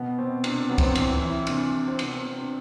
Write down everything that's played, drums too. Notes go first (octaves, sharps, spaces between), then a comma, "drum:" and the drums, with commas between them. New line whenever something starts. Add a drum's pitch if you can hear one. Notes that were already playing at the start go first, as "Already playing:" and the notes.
Already playing: B2 B3
B2 C4
C3 D4, drum: cymbal
F#3 B3
C4, drum: kick, cymbal
B3
E3 C4, drum: cymbal
E3 E4
C3 D4, drum: cymbal
C3
C4
C3 B3, drum: cymbal
C4
C3 C4
D4